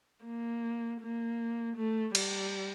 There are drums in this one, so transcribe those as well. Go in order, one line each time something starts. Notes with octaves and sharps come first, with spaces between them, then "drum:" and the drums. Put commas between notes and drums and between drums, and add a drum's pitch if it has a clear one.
A#3
A#3
A3
G3, drum: cymbal